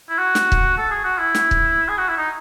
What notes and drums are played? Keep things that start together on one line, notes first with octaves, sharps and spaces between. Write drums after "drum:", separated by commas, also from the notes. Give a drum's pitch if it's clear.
E4
F#4
drum: snare
drum: kick C#1
A4
G#4
F#4
E4
drum: snare
drum: kick C#1
G#4
F#4
E4
D#4